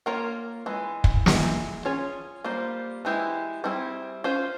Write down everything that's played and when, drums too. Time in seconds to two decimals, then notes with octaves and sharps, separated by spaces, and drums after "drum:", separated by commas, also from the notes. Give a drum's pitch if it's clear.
0.06 A#3 F4 A#4 C#5
0.66 E3 G#3
1.04 drum: kick
1.26 E3 G#3 E4, drum: snare
1.85 C#4 F4 G#4 C#5
2.44 G3 A#3 F4 C5
3.05 E3 G#3 E4 G4
3.64 G3 C4 E4 G#4
4.24 C#4 F4 C5